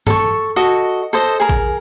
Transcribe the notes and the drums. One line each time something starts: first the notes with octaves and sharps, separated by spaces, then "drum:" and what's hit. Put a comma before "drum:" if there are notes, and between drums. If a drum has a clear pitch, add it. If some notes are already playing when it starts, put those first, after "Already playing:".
A4 C#6, drum: tom G2
F#4 A4 D#5
A4 C5 D#5
G#4 A#4
drum: kick A1